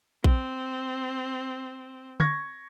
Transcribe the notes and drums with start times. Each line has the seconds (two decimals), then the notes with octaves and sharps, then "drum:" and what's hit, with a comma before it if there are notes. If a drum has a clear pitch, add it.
0.24 C4, drum: kick A#1
2.20 C#6 G#6 A#6, drum: tom